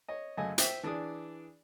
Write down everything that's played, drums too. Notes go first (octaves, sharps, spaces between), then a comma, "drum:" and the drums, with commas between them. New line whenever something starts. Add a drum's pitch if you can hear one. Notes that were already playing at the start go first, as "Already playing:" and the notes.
C#5 D#5
F#2 C#3 A3 A4 D#5 G#5
C5 E5 G5, drum: hi-hat
E3 D4 G#4 D5 D#6